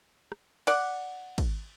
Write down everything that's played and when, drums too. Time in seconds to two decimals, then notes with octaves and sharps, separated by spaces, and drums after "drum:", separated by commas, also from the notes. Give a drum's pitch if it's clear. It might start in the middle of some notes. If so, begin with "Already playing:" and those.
0.32 drum: rim click
0.67 D5 F#5, drum: cymbal
1.38 drum: kick, cymbal